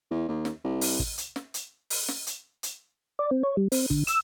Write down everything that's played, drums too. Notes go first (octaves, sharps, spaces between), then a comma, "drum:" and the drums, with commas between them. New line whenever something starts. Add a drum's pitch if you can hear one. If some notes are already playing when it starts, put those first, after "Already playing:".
E2
D#2
drum: snare
C2
drum: open hi-hat
drum: kick
drum: hi-hat
drum: snare
drum: hi-hat
drum: open hi-hat
drum: snare
drum: hi-hat
drum: hi-hat
D5
C4
C#5
G3
C4, drum: open hi-hat
D3, drum: kick
E6, drum: hi-hat